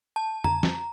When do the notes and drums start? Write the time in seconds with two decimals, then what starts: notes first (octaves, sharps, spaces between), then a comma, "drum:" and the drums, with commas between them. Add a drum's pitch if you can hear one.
0.16 A5
0.44 A#5, drum: tom F2
0.63 drum: snare